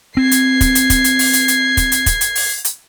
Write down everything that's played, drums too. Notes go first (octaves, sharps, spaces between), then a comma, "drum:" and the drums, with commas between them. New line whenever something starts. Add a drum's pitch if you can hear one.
C4 G#6 C7
drum: hi-hat
drum: kick, hi-hat
drum: hi-hat
drum: kick, hi-hat
drum: hi-hat
drum: open hi-hat
drum: hi-hat
drum: hi-hat
drum: kick, hi-hat
drum: hi-hat
drum: kick, hi-hat
drum: hi-hat
drum: open hi-hat
drum: hi-hat